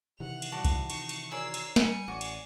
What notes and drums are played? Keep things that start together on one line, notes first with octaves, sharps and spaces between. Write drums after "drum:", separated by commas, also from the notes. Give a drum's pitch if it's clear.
C3 D#3 E3 F#5 F7
drum: cymbal
A2 C#3 G3 F#4 A5 D6
drum: kick C2, cymbal
D#4 C#6, drum: cymbal
drum: cymbal
D#4 F#4 G#4 A#4 C#5 D5 E6 C7
drum: cymbal
G3 G#5 C#7, drum: snare
A1 F#4 D5 D6
drum: cymbal